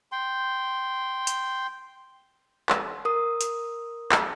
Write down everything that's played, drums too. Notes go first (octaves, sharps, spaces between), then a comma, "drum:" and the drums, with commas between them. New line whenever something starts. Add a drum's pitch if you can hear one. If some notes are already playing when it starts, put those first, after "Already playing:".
G5 C6
drum: hi-hat
drum: clap
A#4 D#6
drum: hi-hat
drum: clap